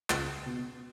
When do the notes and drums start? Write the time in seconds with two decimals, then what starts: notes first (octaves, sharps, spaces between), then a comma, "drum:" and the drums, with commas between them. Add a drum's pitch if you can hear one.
0.10 C#2, drum: clap
0.46 B2